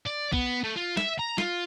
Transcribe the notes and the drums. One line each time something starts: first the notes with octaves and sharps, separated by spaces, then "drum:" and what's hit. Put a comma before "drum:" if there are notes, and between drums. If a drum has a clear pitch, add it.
D5
B3, drum: kick
A3
F4
E5, drum: snare
A#5
F4, drum: snare